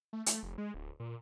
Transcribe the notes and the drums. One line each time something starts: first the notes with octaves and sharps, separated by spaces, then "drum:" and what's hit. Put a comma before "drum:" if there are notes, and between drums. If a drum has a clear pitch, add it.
A3
A3, drum: hi-hat
F1
G#3
D1
A#2